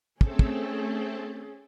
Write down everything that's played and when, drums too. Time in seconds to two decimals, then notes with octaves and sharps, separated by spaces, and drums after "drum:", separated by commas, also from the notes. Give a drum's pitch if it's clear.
0.21 A3 C4 C#4 G#4 A4, drum: kick
0.39 drum: kick